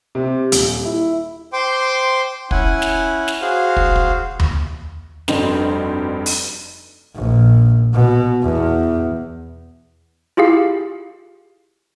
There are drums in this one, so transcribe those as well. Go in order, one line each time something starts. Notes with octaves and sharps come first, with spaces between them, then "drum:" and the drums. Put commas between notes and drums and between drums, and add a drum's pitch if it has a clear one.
C3
D#1, drum: hi-hat
E4
C5 G5 C6 D6
C#4 E4 F#5 G#5, drum: kick
drum: snare
drum: snare
F#4 G#4 C5 F5
drum: kick
drum: kick
drum: tom D#2
F1 G2 C4 D4 D#4 F#4, drum: snare
drum: open hi-hat
A#1
B2
E2
E4 F4 G4 G#4 F5